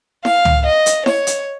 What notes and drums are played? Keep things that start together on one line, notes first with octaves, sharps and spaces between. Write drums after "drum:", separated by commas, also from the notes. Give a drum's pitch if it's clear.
F5, drum: snare E4
drum: tom
D#5
drum: hi-hat
C#5, drum: snare E4
drum: hi-hat